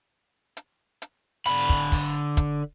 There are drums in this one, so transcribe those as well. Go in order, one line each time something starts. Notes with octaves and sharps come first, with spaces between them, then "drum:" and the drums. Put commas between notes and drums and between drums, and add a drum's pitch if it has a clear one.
drum: hi-hat
drum: hi-hat
D3 B5, drum: hi-hat
drum: kick
drum: kick, open hi-hat
drum: kick, hi-hat